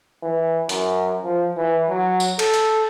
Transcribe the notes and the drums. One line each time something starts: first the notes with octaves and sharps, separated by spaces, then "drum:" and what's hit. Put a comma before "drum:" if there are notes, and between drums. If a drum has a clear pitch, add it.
E3
F#2, drum: hi-hat
F3
E3
F#3
drum: tambourine
A4, drum: cymbal
drum: hi-hat